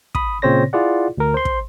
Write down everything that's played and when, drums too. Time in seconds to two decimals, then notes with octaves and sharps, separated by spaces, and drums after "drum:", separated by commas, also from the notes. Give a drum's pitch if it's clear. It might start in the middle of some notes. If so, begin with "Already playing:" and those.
0.15 B5 D#6, drum: kick
0.42 A#2 C#3 C4 C5 C#5 A#6
0.73 E4 F4 G#4 D5 F#5
1.18 D2 A#4
1.34 C5 C6
1.45 drum: kick